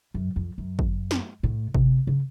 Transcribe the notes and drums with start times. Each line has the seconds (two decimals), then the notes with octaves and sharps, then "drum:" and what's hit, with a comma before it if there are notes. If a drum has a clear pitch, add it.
0.14 F#2
0.36 F2
0.58 F#2
0.79 drum: kick
1.11 drum: snare
1.43 A2
1.74 C3, drum: kick
2.07 C#3